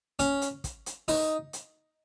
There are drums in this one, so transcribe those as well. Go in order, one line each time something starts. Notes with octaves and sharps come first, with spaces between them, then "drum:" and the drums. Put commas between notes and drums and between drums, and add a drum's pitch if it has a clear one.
C#4, drum: kick, hi-hat
drum: hi-hat
drum: kick, hi-hat
drum: hi-hat
D#4, drum: open hi-hat
drum: hi-hat